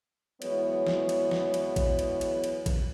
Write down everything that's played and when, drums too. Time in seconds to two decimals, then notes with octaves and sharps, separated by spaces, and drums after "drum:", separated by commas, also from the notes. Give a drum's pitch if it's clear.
0.42 E2 F#3 G#3 B3 E4 C#5, drum: cymbal
0.87 drum: snare
1.09 drum: cymbal
1.31 drum: snare
1.54 drum: cymbal
1.76 drum: kick A1, cymbal
1.99 drum: cymbal
2.21 drum: cymbal
2.44 drum: cymbal
2.66 drum: kick A1, cymbal